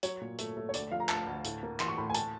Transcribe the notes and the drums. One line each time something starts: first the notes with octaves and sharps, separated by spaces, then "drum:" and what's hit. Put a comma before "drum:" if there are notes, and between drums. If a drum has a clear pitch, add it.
F#3 C#5, drum: hi-hat
A#2
A3, drum: hi-hat
A3
C#5
D2 D5, drum: hi-hat
F3 F5
A#5
D2 A5, drum: clap
D2
A2, drum: hi-hat
A#3
E3 C6, drum: clap
C#6
A2 B5
G#5
A5, drum: hi-hat